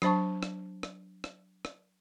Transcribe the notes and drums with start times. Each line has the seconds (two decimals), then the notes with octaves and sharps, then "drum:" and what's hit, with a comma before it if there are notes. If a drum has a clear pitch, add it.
0.02 F#3 D4 C5 A5 C#6, drum: rim click
0.43 drum: rim click
0.83 drum: rim click
1.24 drum: rim click
1.65 drum: rim click